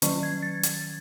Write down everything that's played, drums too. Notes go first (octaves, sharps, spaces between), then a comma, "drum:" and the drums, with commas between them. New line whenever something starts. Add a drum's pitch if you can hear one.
D#3 F#3 C#4 C#6, drum: hi-hat
G#6
A6
drum: hi-hat